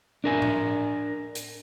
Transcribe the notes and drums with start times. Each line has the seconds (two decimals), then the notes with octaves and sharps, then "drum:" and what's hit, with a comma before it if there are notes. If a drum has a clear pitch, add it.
0.24 D4 A#4 G#5
0.42 drum: tom A2
1.35 drum: hi-hat